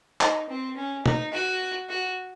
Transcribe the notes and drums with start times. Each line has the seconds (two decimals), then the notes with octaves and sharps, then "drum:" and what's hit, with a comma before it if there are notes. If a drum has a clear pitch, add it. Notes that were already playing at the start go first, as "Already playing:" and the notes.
0.21 D#4, drum: clap
0.49 C4
0.76 C#4
1.06 D#4, drum: tom
1.33 F#4
1.89 F#4